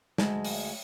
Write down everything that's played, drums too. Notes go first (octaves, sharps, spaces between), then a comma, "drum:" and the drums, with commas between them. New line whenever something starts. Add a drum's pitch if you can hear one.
D2 G#3 A5, drum: snare
drum: open hi-hat